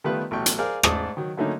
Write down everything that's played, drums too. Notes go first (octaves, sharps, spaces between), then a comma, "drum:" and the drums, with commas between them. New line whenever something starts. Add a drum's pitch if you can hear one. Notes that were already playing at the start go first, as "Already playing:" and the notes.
D#3 G3 A3 B3 F4 B4
A1 B2 F#3 A3 G5 C#6
drum: hi-hat
G#4 A#4 C5 D5 F5
G#2 A3 A4 D5 D#6, drum: rim click
D#3 F#3
D3 F#3 A3 A#3 C#4 D#4